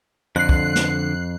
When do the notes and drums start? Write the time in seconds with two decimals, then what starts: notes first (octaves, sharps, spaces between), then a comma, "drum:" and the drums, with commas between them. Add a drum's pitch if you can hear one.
0.36 F2 D3 F#6 C7
0.49 drum: kick
0.75 drum: snare